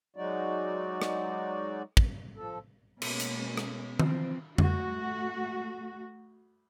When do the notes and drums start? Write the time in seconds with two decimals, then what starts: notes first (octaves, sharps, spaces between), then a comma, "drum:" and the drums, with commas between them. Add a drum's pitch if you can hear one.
0.16 F#3 G#3 D#4 F#4 D5
1.02 drum: rim click
1.97 drum: kick
2.36 F3 A4
3.02 B2 G#3 A#3 C#4, drum: cymbal
3.20 drum: hi-hat
3.57 drum: rim click
3.99 E3 F3 C4, drum: tom D#3
4.58 A3 F#4, drum: tom F2